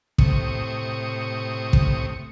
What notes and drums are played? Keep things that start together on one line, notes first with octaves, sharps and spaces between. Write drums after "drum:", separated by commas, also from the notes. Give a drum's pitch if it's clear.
A2 C3 C#6 D#6, drum: kick
drum: kick